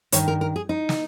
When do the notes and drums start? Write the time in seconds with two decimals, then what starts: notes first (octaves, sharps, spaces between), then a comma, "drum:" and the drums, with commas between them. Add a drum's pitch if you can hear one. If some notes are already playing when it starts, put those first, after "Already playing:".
0.12 G2 D#3 C#5, drum: hi-hat
0.28 A#4
0.41 A#4
0.56 G#4
0.69 D#4
0.89 drum: snare